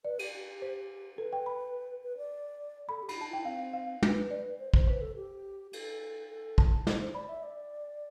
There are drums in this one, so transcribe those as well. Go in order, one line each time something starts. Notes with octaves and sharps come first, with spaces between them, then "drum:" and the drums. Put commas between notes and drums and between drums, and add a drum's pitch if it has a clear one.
B4 D5
G4, drum: cymbal
G4
G4
C5
A4 B4
G5
B5
B4
D5
A4 B5
G4
B5, drum: cymbal
F4 A5
E4 G5
C4 F5
F5
B4, drum: tom
D5
C5
C5, drum: kick
B4 C5
A4
G4
A4, drum: cymbal
A4
A5, drum: kick
C5, drum: snare
C5
D5 B5
E5
D5